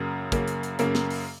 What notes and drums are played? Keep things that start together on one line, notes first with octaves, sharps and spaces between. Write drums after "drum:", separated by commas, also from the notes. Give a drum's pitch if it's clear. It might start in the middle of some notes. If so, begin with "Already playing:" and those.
Already playing: F#2 C#3 A#3
F#2 C#3 A#3, drum: kick, hi-hat
drum: hi-hat
drum: hi-hat
F#2 C#3 A#3, drum: hi-hat
drum: snare
drum: open hi-hat